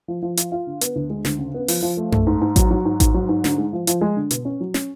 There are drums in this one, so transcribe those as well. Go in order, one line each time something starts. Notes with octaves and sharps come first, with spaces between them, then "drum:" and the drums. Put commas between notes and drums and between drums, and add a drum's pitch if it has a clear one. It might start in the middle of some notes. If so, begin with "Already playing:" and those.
F3
F3
F4, drum: hi-hat
F4
D3
B3, drum: hi-hat
D2
G#3
D2, drum: snare
C#3
B3
F3, drum: open hi-hat
F3
A3
A3, drum: tom F#2
G#2
G#2
F#3, drum: kick A1, hi-hat
F#3
G#2
G#2, drum: kick A1, hi-hat
F#3
G#2
D3, drum: snare
G#3
F3
F3, drum: hi-hat
G#3
D3
B2, drum: hi-hat
C#4
F#3
C#4, drum: snare